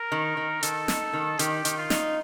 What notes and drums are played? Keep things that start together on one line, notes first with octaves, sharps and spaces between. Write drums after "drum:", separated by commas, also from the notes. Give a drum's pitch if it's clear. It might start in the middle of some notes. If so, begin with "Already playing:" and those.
Already playing: A#4
D#3
D#3
D#3 A4, drum: hi-hat
D#4, drum: snare
D#3
D#3 G4, drum: hi-hat
D#3, drum: hi-hat
F4
D#4, drum: snare